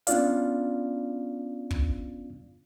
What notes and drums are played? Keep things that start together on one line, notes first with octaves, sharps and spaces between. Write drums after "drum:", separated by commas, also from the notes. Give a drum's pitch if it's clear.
B3 C#4 D4 F4 D5 F5, drum: hi-hat
drum: kick